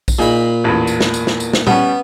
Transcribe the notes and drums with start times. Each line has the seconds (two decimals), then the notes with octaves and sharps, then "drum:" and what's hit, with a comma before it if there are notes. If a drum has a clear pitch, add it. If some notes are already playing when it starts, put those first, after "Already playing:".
0.08 drum: kick A#1, tambourine
0.19 A#2 D#4 G#4 B5
0.64 A1 E2
0.87 drum: tambourine
1.01 drum: snare
1.14 drum: tambourine
1.27 drum: snare
1.40 drum: tambourine
1.53 drum: snare
1.67 G3 B3 C#4, drum: tom A#2